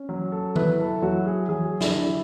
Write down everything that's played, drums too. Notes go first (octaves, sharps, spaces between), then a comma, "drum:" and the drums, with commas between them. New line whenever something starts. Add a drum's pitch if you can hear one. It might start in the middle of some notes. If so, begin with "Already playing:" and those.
Already playing: C#4
F#3
A4
E4 B4, drum: tom D#3
A4
F#3 F#4
G#4
F#3 G#4
E4, drum: snare
D3